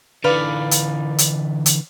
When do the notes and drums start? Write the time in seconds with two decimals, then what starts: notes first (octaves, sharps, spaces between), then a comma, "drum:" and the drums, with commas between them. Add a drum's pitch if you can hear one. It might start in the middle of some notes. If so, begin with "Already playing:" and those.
0.24 D3 E3 B4 D5 F5
0.71 drum: hi-hat
1.18 drum: hi-hat
1.66 drum: hi-hat